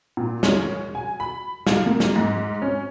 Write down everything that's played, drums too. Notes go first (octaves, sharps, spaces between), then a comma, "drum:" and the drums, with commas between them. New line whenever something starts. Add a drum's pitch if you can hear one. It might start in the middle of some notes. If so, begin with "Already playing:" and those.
A#2
C#4, drum: snare
G#5
B5
F5, drum: snare
A#3
drum: snare
G#2
C#4